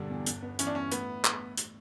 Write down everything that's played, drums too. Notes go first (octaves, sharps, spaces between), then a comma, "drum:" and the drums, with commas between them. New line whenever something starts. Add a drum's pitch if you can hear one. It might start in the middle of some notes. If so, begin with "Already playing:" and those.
Already playing: E1 G2 D3 G3 D4
E2
G1, drum: hi-hat
B3
E3 C#4, drum: hi-hat
D4
G2 C#4
A2 B3, drum: hi-hat
drum: clap
drum: hi-hat